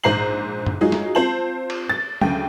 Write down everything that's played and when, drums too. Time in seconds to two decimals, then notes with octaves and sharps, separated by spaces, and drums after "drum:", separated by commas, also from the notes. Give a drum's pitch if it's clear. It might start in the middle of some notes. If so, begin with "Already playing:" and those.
0.04 A#1 G#2 C5 A#5 C7 F#7
0.66 drum: tom F#2
0.81 F#3 G#3 D#4 F4 G#4
0.92 drum: snare
1.15 C4 F4 C5 A5 F#7
1.70 drum: cymbal
1.90 A6
2.21 D2 C#3 G5, drum: tom F#3